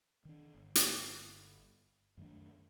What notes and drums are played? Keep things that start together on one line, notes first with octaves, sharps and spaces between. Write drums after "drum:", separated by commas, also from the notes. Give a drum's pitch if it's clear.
D#3 D4
G1
drum: hi-hat
F#2 D#3 A3 D4